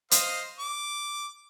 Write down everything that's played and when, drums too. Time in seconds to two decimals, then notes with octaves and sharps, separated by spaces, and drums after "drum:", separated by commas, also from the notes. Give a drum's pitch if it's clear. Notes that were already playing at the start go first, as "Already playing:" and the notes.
0.11 C5 D#5 F5, drum: hi-hat
0.59 D6